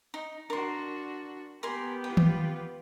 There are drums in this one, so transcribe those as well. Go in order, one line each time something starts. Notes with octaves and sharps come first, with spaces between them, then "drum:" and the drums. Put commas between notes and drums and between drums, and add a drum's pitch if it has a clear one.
D#4
D4 F#4 A#4 C6
B3 G4 A#4 G#5 B5 C6
F4 B4 G5
drum: tom D#3